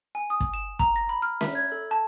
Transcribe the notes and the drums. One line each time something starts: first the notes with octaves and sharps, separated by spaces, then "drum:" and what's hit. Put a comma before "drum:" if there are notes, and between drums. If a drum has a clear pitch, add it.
G#5
D#6
drum: kick
E7
A#5, drum: kick
A#6
B5
F6
E5, drum: snare C#4
G#6
A4
A5